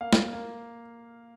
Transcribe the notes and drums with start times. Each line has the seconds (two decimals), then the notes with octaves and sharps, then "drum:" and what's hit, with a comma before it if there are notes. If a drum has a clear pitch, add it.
0.01 A#3 F5
0.13 drum: snare
0.33 A#3